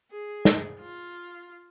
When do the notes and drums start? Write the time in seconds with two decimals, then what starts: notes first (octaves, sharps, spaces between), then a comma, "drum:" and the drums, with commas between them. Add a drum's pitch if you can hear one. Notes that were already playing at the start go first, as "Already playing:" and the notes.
0.12 G#4
0.45 drum: snare
0.80 F4